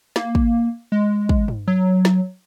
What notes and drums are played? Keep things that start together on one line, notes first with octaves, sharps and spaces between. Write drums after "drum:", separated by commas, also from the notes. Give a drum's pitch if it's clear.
A#3, drum: snare
drum: kick
G#3
drum: kick
drum: tom
F#3
drum: snare